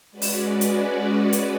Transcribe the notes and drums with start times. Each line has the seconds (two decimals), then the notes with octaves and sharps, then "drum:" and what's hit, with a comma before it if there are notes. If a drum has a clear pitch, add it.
0.11 G#3 C#4 F#4 B4 D5
0.22 drum: open hi-hat
0.61 drum: hi-hat
1.33 drum: hi-hat